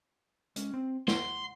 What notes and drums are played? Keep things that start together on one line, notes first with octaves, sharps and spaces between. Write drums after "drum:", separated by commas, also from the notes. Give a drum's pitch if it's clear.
G#3 C#4, drum: hi-hat
C4
F#5 C6, drum: snare